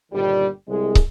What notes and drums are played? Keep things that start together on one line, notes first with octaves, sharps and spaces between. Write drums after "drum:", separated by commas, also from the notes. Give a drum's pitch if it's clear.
G1 A#2 D#3 G3
C2 G#3
drum: kick